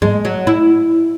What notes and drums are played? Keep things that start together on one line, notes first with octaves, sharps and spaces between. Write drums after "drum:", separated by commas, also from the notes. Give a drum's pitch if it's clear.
G#3, drum: tom G#2
F#3
E4